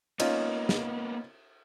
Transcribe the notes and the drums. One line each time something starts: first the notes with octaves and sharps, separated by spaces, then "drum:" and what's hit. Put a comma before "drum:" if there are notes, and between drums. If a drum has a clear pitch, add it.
A#3 B3 C#4 D#4 F4, drum: cymbal
drum: snare